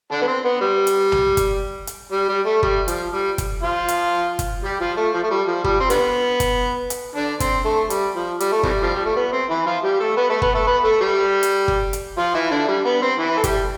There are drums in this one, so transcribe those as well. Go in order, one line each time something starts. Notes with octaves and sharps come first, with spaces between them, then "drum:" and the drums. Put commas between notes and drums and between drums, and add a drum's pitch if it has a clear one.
D3 D4
B3
C4
B3
G3
drum: hi-hat
drum: tom B1
drum: kick, hi-hat
drum: hi-hat
G3
G3
A3
G3, drum: kick
F3, drum: hi-hat
G3
drum: kick, hi-hat
F3 F4
drum: hi-hat
drum: kick, hi-hat
G3 G4
F3 F4
A3
F3
A3
G3
F3
G3, drum: kick
C4
D3 G3 B3, drum: hi-hat
drum: kick, hi-hat
drum: hi-hat
D3 D4
C4, drum: kick, hi-hat
A3
G3, drum: hi-hat
F3
G3, drum: hi-hat
A3
C3 E3 G3, drum: kick
F3
G3
A3
B3
C4
E3 E4
F3 F4
G3 G4
A3 A4
B3 B4
A3 A4
B3 B4, drum: kick
A3 A4
B3 B4
A3 A4
G3 G4
drum: hi-hat
drum: kick
drum: hi-hat
F3 F4
E3 E4
D3 D4
G3
B3
C4
E3 E4
A4
G3 G4, drum: kick, hi-hat